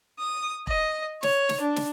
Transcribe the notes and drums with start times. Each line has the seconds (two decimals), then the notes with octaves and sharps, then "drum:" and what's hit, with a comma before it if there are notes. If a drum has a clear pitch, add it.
0.20 D#6
0.67 D#5, drum: kick E1
1.23 C#5, drum: snare
1.49 drum: snare
1.61 D4
1.76 drum: snare